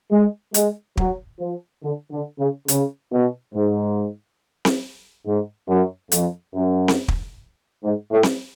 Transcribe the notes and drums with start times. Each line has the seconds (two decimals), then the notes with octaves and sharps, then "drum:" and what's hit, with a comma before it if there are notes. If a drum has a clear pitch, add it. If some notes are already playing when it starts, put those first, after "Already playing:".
0.11 G#3
0.54 G#3, drum: hi-hat
0.97 F#3, drum: kick
1.40 F3
1.82 D3
2.11 D3
2.39 C#3
2.68 C#3, drum: hi-hat
3.12 B2
3.54 G#2
4.65 drum: snare C4
5.26 G#2
5.69 F#2
6.12 F2, drum: hi-hat
6.54 F#2
6.88 drum: snare C4
7.08 drum: kick
7.83 G#2
8.12 A2
8.23 drum: snare C4